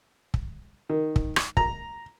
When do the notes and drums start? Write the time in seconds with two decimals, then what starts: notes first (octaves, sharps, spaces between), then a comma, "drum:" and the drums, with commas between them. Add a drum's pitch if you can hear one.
0.34 drum: kick
0.89 D#3
1.16 drum: kick
1.36 drum: rim click
1.57 A#5, drum: kick